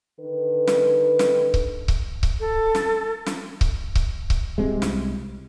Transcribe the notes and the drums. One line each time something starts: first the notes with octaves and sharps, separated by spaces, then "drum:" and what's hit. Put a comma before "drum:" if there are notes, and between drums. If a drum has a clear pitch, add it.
D3 D#3 A4 B4
drum: snare
drum: snare
drum: kick C#1
drum: kick C#1
drum: kick C#1
A4
drum: snare
drum: snare
drum: kick C#1
drum: kick C#1
drum: kick C#1
C2 C3 G#3
drum: snare